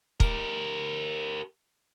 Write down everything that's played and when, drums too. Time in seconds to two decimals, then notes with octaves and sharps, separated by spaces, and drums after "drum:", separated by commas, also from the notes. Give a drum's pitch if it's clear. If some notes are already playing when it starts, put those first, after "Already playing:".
0.20 G4 A#4, drum: kick